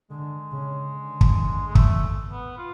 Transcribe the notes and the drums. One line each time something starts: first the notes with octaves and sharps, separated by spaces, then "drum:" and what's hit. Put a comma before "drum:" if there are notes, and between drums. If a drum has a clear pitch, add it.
D3 G#3
C#3
D3
drum: kick
G#3
A3, drum: kick
B3
F4